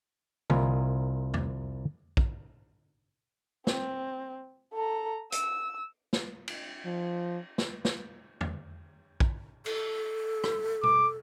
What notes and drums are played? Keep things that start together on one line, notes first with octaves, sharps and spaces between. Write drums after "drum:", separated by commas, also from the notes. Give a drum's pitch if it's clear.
C2 F4 A#4 D#5 G#5, drum: tom D3
drum: tom E2
drum: kick
C4, drum: snare
A4 A#5
E6, drum: hi-hat
drum: snare
drum: cymbal
F3
drum: snare
drum: snare
drum: tom E2
drum: kick
A4, drum: cymbal
drum: rim click
D6, drum: tom B2